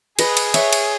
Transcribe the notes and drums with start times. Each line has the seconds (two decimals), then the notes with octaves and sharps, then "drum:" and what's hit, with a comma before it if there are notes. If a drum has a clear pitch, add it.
0.19 G#4 B4 D#5, drum: cymbal
0.37 drum: cymbal
0.54 C#5 E5, drum: cymbal
0.73 drum: cymbal